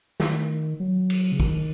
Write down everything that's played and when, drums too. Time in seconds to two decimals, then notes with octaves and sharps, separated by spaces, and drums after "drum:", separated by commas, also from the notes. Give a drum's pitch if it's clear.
0.20 D#3, drum: snare
0.80 F#3
1.10 drum: cymbal
1.32 C#3
1.40 D#3, drum: kick